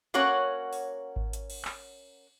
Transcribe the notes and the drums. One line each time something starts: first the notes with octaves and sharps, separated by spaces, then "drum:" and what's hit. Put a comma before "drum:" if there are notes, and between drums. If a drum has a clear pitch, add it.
A#3 C#4 F#4 C#5 F#5
drum: open hi-hat
drum: kick G#1
drum: hi-hat
drum: cymbal
drum: clap